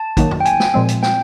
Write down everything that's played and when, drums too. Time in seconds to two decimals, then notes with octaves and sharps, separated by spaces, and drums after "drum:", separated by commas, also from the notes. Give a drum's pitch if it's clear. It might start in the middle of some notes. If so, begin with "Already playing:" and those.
Already playing: A5
0.17 D#3 F#3 A#3 D#4 F#4, drum: kick, hi-hat
0.31 drum: tom
0.40 G5
0.45 G#5, drum: hi-hat
0.60 drum: snare
0.74 A#2 F3 G#3 C4
0.88 drum: hi-hat
1.03 G5, drum: snare